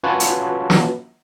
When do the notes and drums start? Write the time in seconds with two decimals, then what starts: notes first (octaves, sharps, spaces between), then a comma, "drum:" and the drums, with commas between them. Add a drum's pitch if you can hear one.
0.04 C#4 F4 F#4 B4 C#5 A5
0.20 drum: hi-hat
0.70 drum: snare